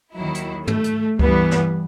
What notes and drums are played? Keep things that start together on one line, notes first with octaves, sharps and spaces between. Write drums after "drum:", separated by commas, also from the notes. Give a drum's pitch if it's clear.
D#2 D#3 F#3 E4
drum: hi-hat
A3, drum: tom
drum: hi-hat
G2 E3 G3 B3, drum: kick C#2
drum: snare